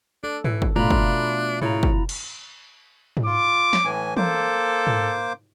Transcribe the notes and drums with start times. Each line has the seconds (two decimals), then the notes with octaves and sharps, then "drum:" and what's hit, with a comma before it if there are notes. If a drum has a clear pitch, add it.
0.24 D4 A4
0.44 E3, drum: tom G#2
0.62 drum: kick
0.76 B2 A3 D4 F4 A#5 B5, drum: tom G#2
0.91 drum: kick
1.61 C#3 E4 A#5, drum: tom G#2
1.83 drum: kick
2.09 drum: cymbal
3.17 drum: tom G#2
3.26 F4 D6
3.73 drum: snare
3.85 A2 E3 G#5
4.17 A#3 A4 C5 D6, drum: tom E3
4.87 drum: tom G#2